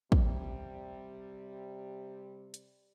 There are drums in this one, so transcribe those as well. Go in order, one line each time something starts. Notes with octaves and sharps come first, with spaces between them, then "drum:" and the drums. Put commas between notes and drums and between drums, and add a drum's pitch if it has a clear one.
C3 G3, drum: kick
drum: hi-hat